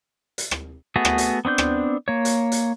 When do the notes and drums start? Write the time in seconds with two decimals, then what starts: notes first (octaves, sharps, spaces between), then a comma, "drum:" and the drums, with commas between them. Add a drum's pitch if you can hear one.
0.38 drum: hi-hat
0.51 drum: rim click
0.96 A3 B3 F#4 G#4
1.05 drum: rim click
1.18 drum: hi-hat
1.45 B3 C4 D4 G6
1.58 drum: rim click
2.08 A#3 C#5
2.25 drum: hi-hat
2.52 drum: hi-hat